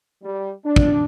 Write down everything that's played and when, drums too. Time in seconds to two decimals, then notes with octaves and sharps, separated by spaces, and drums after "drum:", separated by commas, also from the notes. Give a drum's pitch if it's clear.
0.23 G3
0.66 D4
0.76 drum: kick